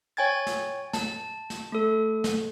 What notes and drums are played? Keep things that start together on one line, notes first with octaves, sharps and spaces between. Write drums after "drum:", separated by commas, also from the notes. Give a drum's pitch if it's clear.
C#5 G5 G#5 G#6 A6
drum: snare
A5, drum: snare
drum: snare
A3 A4
drum: snare